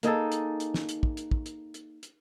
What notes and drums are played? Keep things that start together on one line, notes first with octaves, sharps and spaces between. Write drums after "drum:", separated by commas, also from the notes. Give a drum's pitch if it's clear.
A#3 D#4 G#4 A4, drum: hi-hat
drum: hi-hat
drum: hi-hat
drum: snare
drum: hi-hat
drum: kick
drum: hi-hat
drum: kick
drum: hi-hat
drum: hi-hat
drum: hi-hat